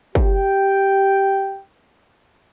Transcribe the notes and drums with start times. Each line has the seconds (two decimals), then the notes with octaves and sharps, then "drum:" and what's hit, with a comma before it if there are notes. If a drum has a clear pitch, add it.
0.15 G4 G5, drum: kick